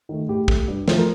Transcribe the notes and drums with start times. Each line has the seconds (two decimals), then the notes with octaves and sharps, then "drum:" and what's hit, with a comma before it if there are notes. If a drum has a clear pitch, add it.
0.09 D#3 A3
0.29 A2 G4
0.48 A3, drum: kick
0.68 G2
0.88 F3 A3, drum: snare
0.98 A#4